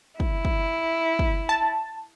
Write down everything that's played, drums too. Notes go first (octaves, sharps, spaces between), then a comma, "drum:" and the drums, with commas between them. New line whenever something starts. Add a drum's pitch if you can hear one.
E4, drum: kick
drum: kick
drum: kick
A5